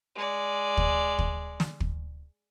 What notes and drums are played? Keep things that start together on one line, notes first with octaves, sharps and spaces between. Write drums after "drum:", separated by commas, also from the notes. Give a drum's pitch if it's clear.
G#3 D5
drum: kick
drum: kick
drum: snare
drum: kick